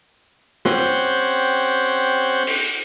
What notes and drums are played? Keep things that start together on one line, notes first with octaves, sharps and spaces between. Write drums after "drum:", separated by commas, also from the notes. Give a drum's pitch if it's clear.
C4 C#4 G4 C5 F#5, drum: snare
drum: cymbal